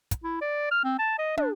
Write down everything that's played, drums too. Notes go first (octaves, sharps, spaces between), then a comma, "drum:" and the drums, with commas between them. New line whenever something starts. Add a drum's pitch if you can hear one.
drum: kick, hi-hat
E4
D5
F6
C4
A5
D#5
D4, drum: tom